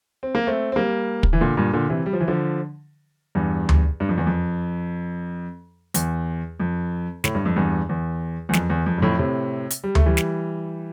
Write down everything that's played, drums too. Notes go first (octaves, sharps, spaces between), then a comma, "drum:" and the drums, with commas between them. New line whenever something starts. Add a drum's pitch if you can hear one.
C4
A#3
A3 C4
C4
G3 A#3
drum: kick
E3
A#2 D3
G2 A#2
A#2 D3
C3 E3
G3
F3
E3
D3 F3
E2 G2
drum: tom D2
G2
F2
E2
F2
E2, drum: hi-hat
F2
A2, drum: snare
G2
F2
E2 G2
E2
E2
F2, drum: snare
E2
F2
G2
F2 A2
A2 C3
drum: hi-hat
G3
A3, drum: tom D2
E3 G3
drum: snare